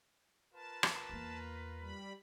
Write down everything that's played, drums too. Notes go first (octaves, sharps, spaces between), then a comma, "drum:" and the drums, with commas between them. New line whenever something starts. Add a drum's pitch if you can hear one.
F4 A#4 B4 A5
drum: rim click
E2 A#3
G3 B5